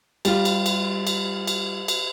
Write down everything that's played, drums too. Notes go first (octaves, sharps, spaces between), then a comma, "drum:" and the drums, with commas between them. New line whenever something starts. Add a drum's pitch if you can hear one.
G3 F4, drum: cymbal
drum: cymbal
drum: cymbal
drum: cymbal
drum: cymbal
drum: cymbal